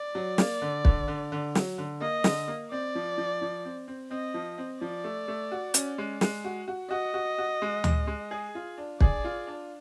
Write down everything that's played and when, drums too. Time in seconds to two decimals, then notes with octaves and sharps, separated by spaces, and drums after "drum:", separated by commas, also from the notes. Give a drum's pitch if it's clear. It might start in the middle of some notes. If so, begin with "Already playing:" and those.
Already playing: D5
0.15 F#3
0.38 A#3, drum: snare
0.62 D3
0.85 D3, drum: kick
1.08 D3
1.32 D3
1.55 F#3, drum: snare
1.78 D3
2.01 A#3 D#5
2.24 D3, drum: snare
2.48 A#3
2.71 C4 D5
2.95 F3
3.18 F3
3.42 F3
3.65 C4
3.88 C4
4.11 C4 D#5
4.34 F3
4.58 C4
4.81 F3 D5
5.04 A3
5.28 A3
5.51 F#4
5.74 C#4, drum: hi-hat
5.98 G#3
6.21 G#3, drum: snare
6.44 F#4
6.68 F#4
6.91 F#4 D#5
7.14 F#4
7.38 F#4
7.62 G#3
7.84 G#3, drum: tom D2
8.07 G#3
8.31 G#4
8.55 F4
8.78 D4
9.01 G#4 D5, drum: kick
9.24 F4
9.47 D4